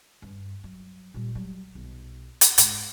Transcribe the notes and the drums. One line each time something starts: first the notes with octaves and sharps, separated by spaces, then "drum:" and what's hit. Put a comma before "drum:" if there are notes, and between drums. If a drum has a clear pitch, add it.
G2
F#3
A#2 G3
F#3 G3
B1
drum: hi-hat
G#2, drum: hi-hat